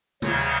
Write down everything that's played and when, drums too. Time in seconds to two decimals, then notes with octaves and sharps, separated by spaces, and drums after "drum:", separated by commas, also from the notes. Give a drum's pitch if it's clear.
0.22 D2 C#3 F#3, drum: tom C3